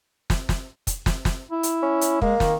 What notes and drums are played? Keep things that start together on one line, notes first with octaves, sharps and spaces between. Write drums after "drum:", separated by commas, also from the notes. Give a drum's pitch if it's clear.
drum: snare
drum: snare
drum: kick, hi-hat
drum: snare
drum: snare
E4
drum: hi-hat
C#4
drum: hi-hat
G#3 A#3, drum: kick
D#3, drum: snare